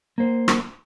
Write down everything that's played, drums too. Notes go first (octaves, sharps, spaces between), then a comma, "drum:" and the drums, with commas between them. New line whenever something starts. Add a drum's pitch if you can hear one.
A#3 C5
drum: rim click